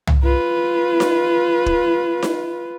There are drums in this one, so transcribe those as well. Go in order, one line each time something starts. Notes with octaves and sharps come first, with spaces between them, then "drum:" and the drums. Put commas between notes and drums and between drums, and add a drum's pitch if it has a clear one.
drum: tom C2
F4 B4
drum: snare D#4
drum: kick
drum: snare D#4